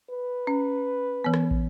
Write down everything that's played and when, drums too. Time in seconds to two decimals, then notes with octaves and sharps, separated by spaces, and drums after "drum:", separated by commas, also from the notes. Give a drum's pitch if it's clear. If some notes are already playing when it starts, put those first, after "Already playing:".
0.11 B4
0.47 C#4
1.24 E3 B3
1.34 drum: rim click
1.51 drum: kick